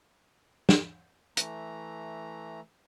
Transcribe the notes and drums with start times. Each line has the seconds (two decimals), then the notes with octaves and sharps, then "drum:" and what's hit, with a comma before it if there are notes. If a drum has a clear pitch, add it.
0.69 drum: snare
1.37 E3 A3 A#5, drum: hi-hat